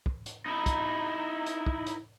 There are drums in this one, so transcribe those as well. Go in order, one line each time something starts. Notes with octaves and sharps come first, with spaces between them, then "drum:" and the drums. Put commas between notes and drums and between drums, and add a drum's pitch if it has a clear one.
drum: kick
drum: hi-hat
D#4 E4
drum: kick, hi-hat
drum: hi-hat
drum: kick
drum: hi-hat